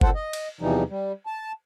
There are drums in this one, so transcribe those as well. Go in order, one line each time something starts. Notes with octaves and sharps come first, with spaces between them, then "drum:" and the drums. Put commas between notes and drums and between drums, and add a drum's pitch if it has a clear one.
A#2 C4 A4 C5 F#5, drum: kick F#1
D#5
drum: cymbal
E2 C3 E3 F3 G3 D#4
G3
A5